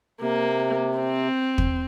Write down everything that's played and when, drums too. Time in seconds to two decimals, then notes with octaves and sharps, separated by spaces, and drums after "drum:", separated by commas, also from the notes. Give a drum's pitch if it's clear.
0.21 C3 A#3
0.98 C4
1.58 drum: kick